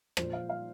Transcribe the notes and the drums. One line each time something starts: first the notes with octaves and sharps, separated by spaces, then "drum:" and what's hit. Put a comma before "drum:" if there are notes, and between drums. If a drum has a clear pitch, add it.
A#2 F3 C5, drum: rim click
F5
F5